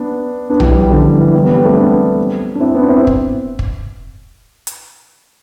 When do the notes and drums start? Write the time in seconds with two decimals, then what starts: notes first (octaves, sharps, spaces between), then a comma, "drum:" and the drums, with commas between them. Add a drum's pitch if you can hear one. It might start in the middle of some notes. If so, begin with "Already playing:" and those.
Already playing: B3 D4
0.50 B3 D4
0.60 E3 G3, drum: tom B1
0.71 E3 G3
0.81 E3 G3
0.92 D3 F3
1.06 E3
1.20 E3
1.34 G3 B3
1.44 G3 B3
1.55 G3 B3
1.65 A3 C4
1.76 B3 D4
2.55 D4
2.60 C4 E4
2.74 B3 D4
2.88 C4 E4
3.07 drum: kick
3.59 drum: kick
4.67 drum: hi-hat